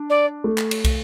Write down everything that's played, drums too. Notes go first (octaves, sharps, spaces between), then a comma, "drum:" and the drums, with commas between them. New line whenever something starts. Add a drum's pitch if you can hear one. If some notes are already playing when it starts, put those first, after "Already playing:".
Already playing: D4
D5
A3
drum: clap
drum: cymbal
drum: kick, cymbal